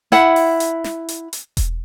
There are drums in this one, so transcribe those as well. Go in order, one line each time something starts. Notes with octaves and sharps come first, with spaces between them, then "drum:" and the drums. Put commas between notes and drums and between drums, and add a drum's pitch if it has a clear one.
E4 F#5, drum: snare
drum: open hi-hat
drum: hi-hat
drum: snare
drum: hi-hat
drum: hi-hat
drum: kick E1, hi-hat